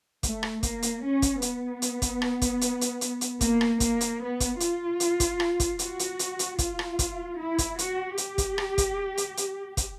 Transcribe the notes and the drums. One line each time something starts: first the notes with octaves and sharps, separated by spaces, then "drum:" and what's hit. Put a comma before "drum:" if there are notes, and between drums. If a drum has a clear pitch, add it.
A3, drum: kick, hi-hat
drum: rim click
A#3, drum: kick, hi-hat
drum: hi-hat
C#4
drum: kick, hi-hat
B3, drum: hi-hat
drum: hi-hat
drum: kick, hi-hat
drum: rim click
drum: kick, hi-hat
drum: hi-hat
drum: hi-hat
drum: hi-hat
drum: hi-hat
A#3, drum: kick, hi-hat
drum: rim click
A#3, drum: kick, hi-hat
drum: hi-hat
B3
drum: kick, hi-hat
F4, drum: hi-hat
drum: hi-hat
drum: kick, hi-hat
drum: rim click
drum: kick, hi-hat
F#4, drum: hi-hat
drum: hi-hat
drum: hi-hat
drum: hi-hat
F4, drum: kick, hi-hat
drum: rim click
drum: kick, hi-hat
E4
drum: kick, hi-hat
F#4, drum: hi-hat
G4, drum: hi-hat
drum: kick, hi-hat
drum: rim click
drum: kick, hi-hat
drum: hi-hat
drum: hi-hat
drum: kick, hi-hat